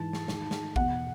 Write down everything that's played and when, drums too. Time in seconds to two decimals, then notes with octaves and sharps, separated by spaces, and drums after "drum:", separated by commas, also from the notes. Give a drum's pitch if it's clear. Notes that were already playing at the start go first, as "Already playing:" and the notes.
Already playing: G#2 E3 A5
0.13 drum: snare
0.28 G#2 D#3, drum: snare
0.51 drum: snare
0.76 E2 B2 F#5, drum: kick A1